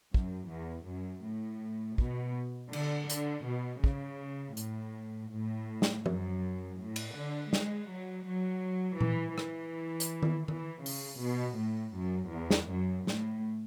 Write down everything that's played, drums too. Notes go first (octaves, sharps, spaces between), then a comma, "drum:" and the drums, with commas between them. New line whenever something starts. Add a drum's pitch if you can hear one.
F#2, drum: kick
E2
F#2
A2
B2, drum: kick
D3, drum: cymbal
D3, drum: hi-hat
B2
C#3, drum: kick
A2, drum: hi-hat
A2
drum: snare
F#2, drum: tom F3
A2
drum: cymbal
D3
G#3, drum: snare
F#3
F#3
E3, drum: tom A#2
E3, drum: rim click
drum: hi-hat
drum: tom D#3
E3, drum: tom D#3
C#3, drum: open hi-hat
B2
A2
F#2
E2
drum: snare
F#2
A2, drum: snare